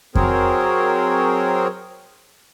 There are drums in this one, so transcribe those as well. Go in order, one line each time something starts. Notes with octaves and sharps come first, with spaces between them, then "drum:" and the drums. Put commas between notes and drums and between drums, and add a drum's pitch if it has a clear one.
F#3 C4 G#4 A#4 C5 C#5, drum: kick F2